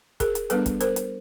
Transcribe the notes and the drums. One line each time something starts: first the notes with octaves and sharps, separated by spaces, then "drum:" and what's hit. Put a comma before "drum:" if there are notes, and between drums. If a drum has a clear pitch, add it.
G#4 A#4, drum: kick, hi-hat
drum: hi-hat
G3 B3 D4 A4 B4, drum: hi-hat
drum: kick, hi-hat
A#4 C5, drum: hi-hat
drum: hi-hat